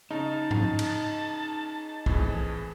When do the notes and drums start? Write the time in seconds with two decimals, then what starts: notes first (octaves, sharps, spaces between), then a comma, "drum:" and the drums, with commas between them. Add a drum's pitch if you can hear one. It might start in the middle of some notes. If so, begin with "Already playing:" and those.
0.11 C#3 D#4 A5
0.51 drum: tom G#2
0.79 drum: cymbal
2.06 F2 A2 E3 G#4, drum: kick